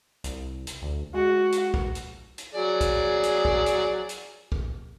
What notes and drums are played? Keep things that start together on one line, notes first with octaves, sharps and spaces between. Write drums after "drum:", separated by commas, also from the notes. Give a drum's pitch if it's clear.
C2, drum: hi-hat
drum: hi-hat
D2
G#3 F#4
drum: hi-hat
drum: kick
drum: hi-hat
drum: hi-hat
F#3 G#4 D5
drum: kick, hi-hat
drum: hi-hat
drum: kick
drum: hi-hat
drum: hi-hat
drum: kick